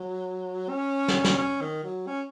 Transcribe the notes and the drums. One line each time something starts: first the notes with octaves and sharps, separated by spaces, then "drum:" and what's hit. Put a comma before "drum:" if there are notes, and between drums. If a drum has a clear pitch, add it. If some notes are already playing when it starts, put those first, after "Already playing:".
Already playing: F#3
C#4
drum: snare
drum: snare
C#4
D#3
F#3
C#4